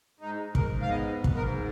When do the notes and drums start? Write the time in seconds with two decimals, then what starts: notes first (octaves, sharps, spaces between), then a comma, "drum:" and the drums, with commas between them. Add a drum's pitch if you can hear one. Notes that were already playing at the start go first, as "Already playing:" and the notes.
0.19 G#2 D#4
0.43 G#2
0.55 A#4, drum: kick
0.66 G#2
0.82 F5
0.90 B3 D#5
1.13 G#2
1.24 drum: kick
1.36 G#2 A#4